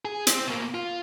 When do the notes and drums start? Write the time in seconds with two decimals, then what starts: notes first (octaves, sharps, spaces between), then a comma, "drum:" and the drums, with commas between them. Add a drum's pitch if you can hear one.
0.05 G#4
0.27 C4, drum: hi-hat
0.47 B2 A#3
0.74 F4